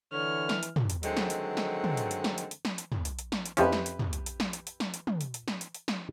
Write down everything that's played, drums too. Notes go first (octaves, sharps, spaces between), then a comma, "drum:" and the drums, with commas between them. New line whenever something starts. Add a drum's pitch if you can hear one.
D3 E3 C#5 F6
drum: snare
drum: hi-hat
drum: tom
drum: hi-hat
D3 D#3 F#3 G#3 A3 C4, drum: hi-hat
drum: snare
drum: hi-hat
drum: snare
drum: tom
drum: hi-hat
drum: hi-hat
drum: snare
drum: hi-hat
drum: hi-hat
drum: snare
drum: hi-hat
drum: tom
drum: hi-hat
drum: hi-hat
drum: snare
drum: hi-hat
F2 F3 C#4 E4 G4 B4, drum: hi-hat
drum: snare
drum: hi-hat
drum: tom
drum: hi-hat
drum: hi-hat
drum: snare
drum: hi-hat
drum: hi-hat
drum: snare
drum: hi-hat
drum: tom
drum: hi-hat
drum: hi-hat
drum: snare
drum: hi-hat
drum: hi-hat
drum: snare